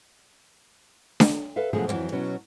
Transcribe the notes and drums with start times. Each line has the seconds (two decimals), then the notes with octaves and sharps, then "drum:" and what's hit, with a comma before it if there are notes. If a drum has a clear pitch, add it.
1.20 drum: snare D4
1.56 A4 B4 E5 F5
1.73 B2 D3 F3 F#3 A3 G#4
1.87 F2 B2 D3 E3 F#3
2.12 B2 F#3 C#4